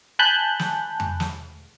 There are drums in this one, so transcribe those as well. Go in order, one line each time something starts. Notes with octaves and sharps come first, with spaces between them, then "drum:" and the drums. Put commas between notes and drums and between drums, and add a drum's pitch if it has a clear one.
G#5 A5 B5 F#6 G6
drum: snare
drum: tom F2
drum: snare